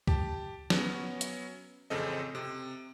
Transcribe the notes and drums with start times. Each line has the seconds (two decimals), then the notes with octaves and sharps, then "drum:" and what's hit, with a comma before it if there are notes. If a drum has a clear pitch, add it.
0.07 G4 A5, drum: kick C2
0.70 F#3 B3 C#4, drum: snare
1.21 drum: hi-hat
1.90 A1 F2 C#3 C4 A4 D#5
2.35 C3